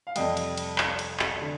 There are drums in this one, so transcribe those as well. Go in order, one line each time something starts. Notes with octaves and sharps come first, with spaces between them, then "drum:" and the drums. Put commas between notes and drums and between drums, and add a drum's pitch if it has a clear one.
F5
F2 C3 G3 D#5 G5, drum: cymbal
drum: cymbal
drum: cymbal
drum: clap
drum: cymbal
drum: clap
D3